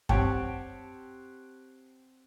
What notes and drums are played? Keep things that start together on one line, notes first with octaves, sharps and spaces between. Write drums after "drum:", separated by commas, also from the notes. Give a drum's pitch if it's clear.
C4 G4 C#5 F#5 G5 A5, drum: kick F#2